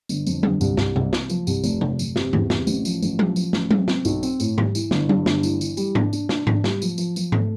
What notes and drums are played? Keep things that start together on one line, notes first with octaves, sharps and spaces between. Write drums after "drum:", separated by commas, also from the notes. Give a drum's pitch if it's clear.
G1, drum: tambourine
F2, drum: tambourine
G1, drum: tom F#3
C2, drum: tambourine
C2, drum: snare
C2, drum: tom C3
C3, drum: snare
F3, drum: tambourine
C2, drum: tambourine
F1, drum: tambourine
F1, drum: tom C3
F1, drum: tambourine
C3, drum: snare
E2, drum: tom G#2
C3, drum: snare
A1, drum: tambourine
F3, drum: tambourine
A1, drum: tambourine
F3, drum: tom F#3
F3, drum: tambourine
A1, drum: snare
C4, drum: tom F#3
C4, drum: snare
B1, drum: tambourine
C4, drum: tambourine
A2, drum: tambourine
G3, drum: tom G#2
E3, drum: tambourine
G1, drum: snare
G2, drum: tom F#3
G1, drum: snare
E3, drum: tambourine
E3, drum: tambourine
G3, drum: tambourine
D4, drum: tom G#2
D4, drum: tambourine
D4, drum: snare
D4, drum: tom G#2
G3, drum: snare
F3, drum: tambourine
F3, drum: tambourine
F3, drum: tambourine
A3, drum: tom G#2